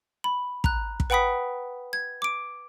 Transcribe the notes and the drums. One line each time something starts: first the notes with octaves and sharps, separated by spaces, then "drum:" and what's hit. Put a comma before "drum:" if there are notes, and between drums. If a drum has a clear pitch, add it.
B5
A#5 F#6, drum: kick
drum: kick
B4 F#5 G5 B5 D#6 B6
G#6
D6 D7